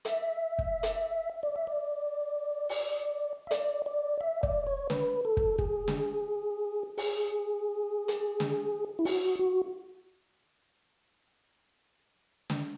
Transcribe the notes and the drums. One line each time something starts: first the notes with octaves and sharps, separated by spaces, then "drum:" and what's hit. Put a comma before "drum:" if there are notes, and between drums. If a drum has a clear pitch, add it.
E5, drum: hi-hat
drum: kick
drum: hi-hat
D5
E5
D5
drum: open hi-hat
E5
D5, drum: hi-hat
D5
E5
D5, drum: kick
C#5
B4, drum: snare
A4
drum: kick
G#4, drum: kick
drum: snare
G#4, drum: open hi-hat
drum: hi-hat
drum: snare
E4
F#4, drum: open hi-hat
F#4
drum: snare